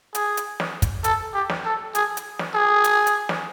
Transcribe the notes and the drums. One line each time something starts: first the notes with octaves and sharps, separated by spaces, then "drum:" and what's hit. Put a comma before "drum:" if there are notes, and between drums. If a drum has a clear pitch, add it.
G#4, drum: hi-hat
drum: hi-hat
drum: snare
drum: kick, hi-hat
A4, drum: hi-hat
G4
drum: snare
A4
G#4, drum: hi-hat
drum: hi-hat
drum: snare
G#4
drum: hi-hat
drum: hi-hat
drum: snare